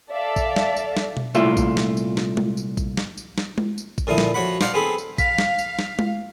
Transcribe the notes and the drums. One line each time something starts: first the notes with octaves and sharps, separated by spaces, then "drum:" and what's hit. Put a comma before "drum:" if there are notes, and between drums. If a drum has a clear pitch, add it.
A4 D5 E5 F5
drum: kick, tambourine
drum: snare
drum: tambourine
drum: snare
drum: tom B2
C2 A#2 A3 E4 F4, drum: tambourine
drum: kick, tambourine
drum: snare
drum: tambourine
drum: snare
drum: tom G#3
drum: tambourine
drum: kick, tambourine
drum: snare
drum: tambourine
drum: snare
drum: tom G#3
drum: tambourine
drum: kick, tambourine
A#2 D3 F3 E4 D#6
drum: snare
F3 F#4 C#5 F#5 B5
C5 D5 F5 F#5 A5, drum: snare
B3 C4 G#4 A4 B5
drum: tambourine
F5 B6, drum: kick, tambourine
drum: snare
drum: tambourine
drum: snare
drum: tom G#3